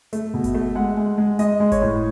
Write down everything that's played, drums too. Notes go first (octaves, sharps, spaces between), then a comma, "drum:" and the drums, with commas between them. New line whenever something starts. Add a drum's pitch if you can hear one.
A3, drum: hi-hat
B2
drum: kick G1, hi-hat
A3
G#3 F#5
G#3
G#3
G#3 D#5, drum: hi-hat
G#3
C#5, drum: kick G1, hi-hat
A2